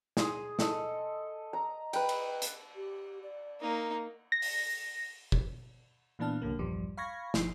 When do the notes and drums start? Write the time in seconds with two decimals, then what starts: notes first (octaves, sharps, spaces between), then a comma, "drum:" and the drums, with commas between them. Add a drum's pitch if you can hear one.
0.17 G#4 C6 D#6, drum: snare
0.59 A4 D#5, drum: snare
1.53 A#5
1.93 B4 G5, drum: cymbal
2.09 drum: cymbal
2.42 drum: hi-hat
2.75 G4
3.23 D5
3.60 A#3 D#4
4.32 A#6
4.42 drum: open hi-hat
5.32 drum: kick
6.19 A#2 E3 B3 D4 A5 F6
6.42 C2 F#2 D3 A#3
6.59 A#1 E2 G2 F3 G3
6.98 F5 B5 C#6 G#6 A#6
7.34 G1 F3 C7, drum: snare